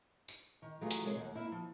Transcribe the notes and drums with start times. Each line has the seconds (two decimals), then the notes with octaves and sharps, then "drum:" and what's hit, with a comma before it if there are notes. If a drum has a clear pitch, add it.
0.28 drum: tambourine
0.62 D#3
0.81 E3 F#3 A3 F4 G#4 A#5
0.91 drum: hi-hat
1.05 C3 G#3 G#4 A#4 C#5
1.17 D#2 F#5
1.35 A#3 E4 E5
1.52 F3